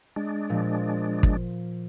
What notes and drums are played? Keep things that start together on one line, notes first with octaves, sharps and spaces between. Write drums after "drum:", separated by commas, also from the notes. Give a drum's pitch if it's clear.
G#3 D4
A#2 F3
drum: kick